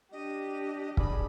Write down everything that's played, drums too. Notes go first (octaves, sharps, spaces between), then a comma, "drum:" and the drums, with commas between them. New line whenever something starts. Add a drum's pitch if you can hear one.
D4 G4 D#5
G#4 D5 A5 B5, drum: kick